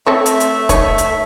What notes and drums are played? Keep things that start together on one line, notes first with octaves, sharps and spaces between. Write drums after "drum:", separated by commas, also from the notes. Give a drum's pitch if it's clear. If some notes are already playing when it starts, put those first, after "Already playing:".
A3 C4 A4 C#5 E5
drum: hi-hat
drum: hi-hat
D#4 C#5, drum: kick, hi-hat
drum: hi-hat